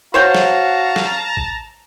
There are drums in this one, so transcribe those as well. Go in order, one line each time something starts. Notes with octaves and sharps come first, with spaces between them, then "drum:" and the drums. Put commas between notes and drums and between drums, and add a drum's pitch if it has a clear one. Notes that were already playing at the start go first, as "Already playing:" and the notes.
F#4 C5 C#5 F5 G5 A5 A#5
drum: snare
drum: snare
drum: kick G#1